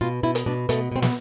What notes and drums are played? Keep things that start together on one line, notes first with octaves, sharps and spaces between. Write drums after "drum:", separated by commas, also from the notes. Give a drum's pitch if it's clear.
B2 F4
B2 E4
drum: hi-hat
B2 D4
B2 A3, drum: hi-hat
B2 C4
B3, drum: snare